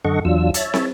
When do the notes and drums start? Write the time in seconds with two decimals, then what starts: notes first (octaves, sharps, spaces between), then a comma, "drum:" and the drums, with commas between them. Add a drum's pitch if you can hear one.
0.05 F#2 D3 A4 D#5 F#5 C#6
0.25 E2 F#3 D4 F4 E6
0.54 C#5 E5 A5, drum: hi-hat
0.74 drum: snare